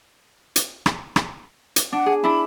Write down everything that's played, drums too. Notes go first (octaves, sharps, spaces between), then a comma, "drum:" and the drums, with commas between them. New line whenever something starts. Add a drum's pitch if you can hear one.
drum: hi-hat
drum: rim click
drum: rim click
drum: hi-hat
D4 F#5
G#4
D4 E4 B5